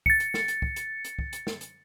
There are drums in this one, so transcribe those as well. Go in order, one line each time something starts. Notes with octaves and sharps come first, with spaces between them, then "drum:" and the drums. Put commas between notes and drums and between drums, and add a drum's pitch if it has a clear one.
A6 C#7, drum: kick
drum: hi-hat
drum: snare
drum: hi-hat
drum: kick
drum: hi-hat
drum: hi-hat
drum: kick
drum: hi-hat
drum: snare
drum: hi-hat